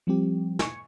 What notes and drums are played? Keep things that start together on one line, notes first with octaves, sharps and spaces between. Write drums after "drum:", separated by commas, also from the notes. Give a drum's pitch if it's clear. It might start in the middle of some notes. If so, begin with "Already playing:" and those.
F3 G3 C4 G4
G#5 C#6, drum: snare